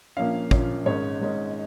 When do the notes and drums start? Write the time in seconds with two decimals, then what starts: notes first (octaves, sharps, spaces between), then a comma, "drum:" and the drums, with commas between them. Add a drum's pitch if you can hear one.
0.17 A#1 A#2 F3 A#3 C#4 F5
0.51 A#1 A#2 F3 A#3 C#4, drum: kick
0.86 G#1 G#2 G#3 C#4 C#5
1.20 G#1 G#2 G#3 C#4